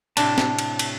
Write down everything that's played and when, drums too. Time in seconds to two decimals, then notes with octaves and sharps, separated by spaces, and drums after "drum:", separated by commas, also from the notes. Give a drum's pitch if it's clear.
0.17 A2 C3 D4 A5, drum: cymbal
0.38 drum: snare
0.59 drum: cymbal
0.79 drum: cymbal